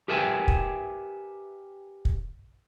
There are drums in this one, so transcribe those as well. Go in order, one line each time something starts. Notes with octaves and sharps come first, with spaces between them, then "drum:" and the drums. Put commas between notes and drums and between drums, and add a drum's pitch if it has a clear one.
G4 A#4 B4 E5 G5 G#5
drum: kick
drum: kick